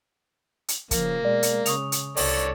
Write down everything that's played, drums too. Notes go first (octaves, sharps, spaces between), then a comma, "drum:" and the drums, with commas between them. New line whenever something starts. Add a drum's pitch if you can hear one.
drum: hi-hat
C#3 F3 A#3, drum: kick, hi-hat
B2 G#3 D5
drum: hi-hat
C#3 C#6 D#6 F7, drum: hi-hat
drum: hi-hat
C2 A4 C#5 D5, drum: open hi-hat